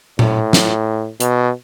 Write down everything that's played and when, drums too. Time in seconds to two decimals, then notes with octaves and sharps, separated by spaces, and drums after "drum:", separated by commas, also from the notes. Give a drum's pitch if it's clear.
0.19 A2, drum: tom A#2
0.53 drum: snare
1.20 B2, drum: hi-hat